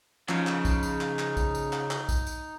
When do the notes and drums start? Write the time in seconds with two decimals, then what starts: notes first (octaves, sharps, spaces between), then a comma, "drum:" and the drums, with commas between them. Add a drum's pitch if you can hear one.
0.29 C#3 F3 D#4, drum: clap
0.47 drum: clap
0.65 drum: kick A#1, tambourine
0.83 drum: tambourine
1.01 drum: clap
1.19 drum: clap
1.37 drum: kick A#1, tambourine
1.55 drum: tambourine
1.73 drum: clap
1.91 drum: clap
2.09 drum: kick A#1, tambourine
2.27 drum: tambourine